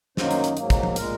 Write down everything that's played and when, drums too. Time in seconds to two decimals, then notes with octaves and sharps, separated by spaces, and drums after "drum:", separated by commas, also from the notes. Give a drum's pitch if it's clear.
0.17 F#2 D#3 F#3 A#3 C5, drum: snare
0.31 drum: hi-hat
0.44 drum: hi-hat
0.57 G#2 F#3 A#3, drum: hi-hat
0.70 drum: kick, hi-hat
0.83 drum: tom F3
0.96 A#2 G#3 A#4, drum: hi-hat